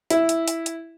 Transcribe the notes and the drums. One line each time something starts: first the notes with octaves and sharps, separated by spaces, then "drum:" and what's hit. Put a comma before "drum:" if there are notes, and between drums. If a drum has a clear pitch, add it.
E4, drum: hi-hat
drum: hi-hat
drum: hi-hat
drum: hi-hat